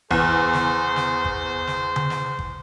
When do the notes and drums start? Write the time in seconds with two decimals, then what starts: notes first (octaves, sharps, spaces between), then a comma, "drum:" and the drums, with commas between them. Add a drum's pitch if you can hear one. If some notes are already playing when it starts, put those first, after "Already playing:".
0.11 E2 G#4 C5, drum: kick G#1
0.53 drum: snare
0.96 drum: snare
1.25 drum: kick G#1
1.67 drum: snare
1.96 drum: tom C#3
2.10 drum: snare
2.39 drum: kick G#1